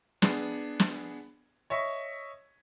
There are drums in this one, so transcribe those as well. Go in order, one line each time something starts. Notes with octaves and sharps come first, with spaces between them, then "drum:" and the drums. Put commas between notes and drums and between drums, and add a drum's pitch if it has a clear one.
B3 D4 G#4, drum: snare
drum: snare
C#5 D#5 E5 C#6